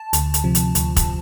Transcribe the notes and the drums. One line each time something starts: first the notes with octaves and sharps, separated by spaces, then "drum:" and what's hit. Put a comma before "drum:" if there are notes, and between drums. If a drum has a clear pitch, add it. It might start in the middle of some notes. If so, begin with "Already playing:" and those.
Already playing: A5
D2, drum: hi-hat
drum: hi-hat
C3 F3
drum: hi-hat
D2, drum: hi-hat
drum: kick, hi-hat